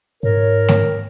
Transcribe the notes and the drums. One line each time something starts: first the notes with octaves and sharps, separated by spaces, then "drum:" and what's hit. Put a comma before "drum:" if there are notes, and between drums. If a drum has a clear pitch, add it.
G#2 A#4 C#5
drum: snare A3